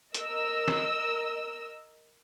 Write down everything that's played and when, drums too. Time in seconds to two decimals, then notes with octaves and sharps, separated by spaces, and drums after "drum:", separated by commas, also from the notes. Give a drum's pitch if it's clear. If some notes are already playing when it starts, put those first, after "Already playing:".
0.14 A#4 D#5 E6, drum: hi-hat
0.68 drum: snare